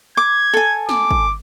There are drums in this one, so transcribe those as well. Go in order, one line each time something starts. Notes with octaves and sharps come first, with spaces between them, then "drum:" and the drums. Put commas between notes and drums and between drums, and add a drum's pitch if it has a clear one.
D6 G#6
A4 G#5
D6, drum: snare
drum: kick